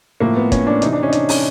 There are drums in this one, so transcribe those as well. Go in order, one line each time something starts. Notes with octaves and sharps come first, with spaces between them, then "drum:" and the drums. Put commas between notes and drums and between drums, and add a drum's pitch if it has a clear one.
A2 F3 A#3
B3
C#4, drum: kick, hi-hat
D4
C3 E3 D#4, drum: hi-hat
D4
C#4
D#4
D4, drum: hi-hat
C#4, drum: open hi-hat